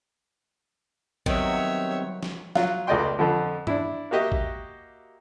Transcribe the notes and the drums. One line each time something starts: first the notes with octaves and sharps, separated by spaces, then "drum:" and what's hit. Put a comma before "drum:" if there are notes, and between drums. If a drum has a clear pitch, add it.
D#3 F#3 G3 B3 C4 C#5 E5, drum: kick A1
drum: snare F3
F#3 F4, drum: snare F3
C#2 A3 D5 D#5 G5 C6
F2 D3 F3
D4 E4, drum: tom G2
A#3 F#4 G4 D#5 E5
drum: kick A1